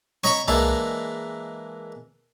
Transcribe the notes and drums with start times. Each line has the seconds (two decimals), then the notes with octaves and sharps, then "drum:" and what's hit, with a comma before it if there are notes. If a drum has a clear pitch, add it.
0.24 C#5 D#5 A#5 B5 C#6, drum: snare C4
0.48 E3 G#3 A#3 D4 E4, drum: tom C2